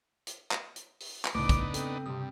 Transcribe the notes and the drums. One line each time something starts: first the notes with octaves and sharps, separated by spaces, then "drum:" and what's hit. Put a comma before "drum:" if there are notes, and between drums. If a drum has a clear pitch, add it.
drum: hi-hat
drum: clap
drum: hi-hat
drum: open hi-hat
drum: clap
C2 A2 C#3 A3 B3 D4 D#4 D6
drum: kick, hi-hat
C4 A4, drum: hi-hat
G2 C3 D#6